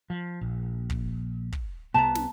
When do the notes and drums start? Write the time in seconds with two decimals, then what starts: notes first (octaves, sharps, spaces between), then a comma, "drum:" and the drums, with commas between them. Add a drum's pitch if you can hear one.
0.10 F3
0.41 A#1
0.90 drum: kick
1.52 drum: kick
1.94 C2 C3 B3 A5 A#5
2.15 drum: snare